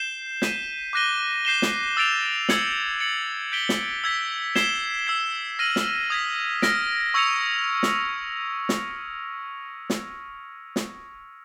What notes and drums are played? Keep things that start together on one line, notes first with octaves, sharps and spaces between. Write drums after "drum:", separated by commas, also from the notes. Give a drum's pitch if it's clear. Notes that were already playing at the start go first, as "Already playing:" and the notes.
Already playing: G6 C7 E7 G7
G6 B6 D#7, drum: snare
D6 F#6 A#6 D#7 G7
G6 C7 E7 G7
drum: snare
E6 A6 D7 F7
E6 G#6 C#7 F#7, drum: snare
A6 C#7 F#7
G6 B6 D7 G7
drum: snare
E6 G#6 B6
G#6 C7 E7 G7, drum: snare
E6 G#6 C7
F6 A#6 D#7 F#7
drum: snare
D#6 G#6 B6
F6 A#6 D7, drum: snare
C#6 E6 G#6 C#7 F7
drum: snare
drum: snare
drum: snare
drum: snare